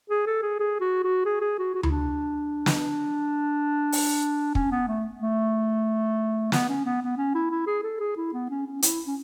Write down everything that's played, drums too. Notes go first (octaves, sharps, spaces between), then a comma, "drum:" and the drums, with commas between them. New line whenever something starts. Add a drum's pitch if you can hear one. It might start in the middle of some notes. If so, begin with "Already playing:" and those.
G#4
A4
G#4
G#4
F#4
F#4
G#4
G#4
F#4
F#4
E4, drum: tom D2
D4
drum: snare
drum: open hi-hat
C#4, drum: kick
B3
A3
A3
B3, drum: snare
C#4
B3
B3
C#4
E4
E4
G#4
A4
G#4
E4
B3
C#4
C#4
E4, drum: hi-hat
C#4